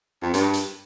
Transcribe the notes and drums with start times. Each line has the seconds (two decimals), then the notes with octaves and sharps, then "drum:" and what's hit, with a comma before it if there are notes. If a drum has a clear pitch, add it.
0.22 F2
0.34 G2, drum: hi-hat
0.53 drum: hi-hat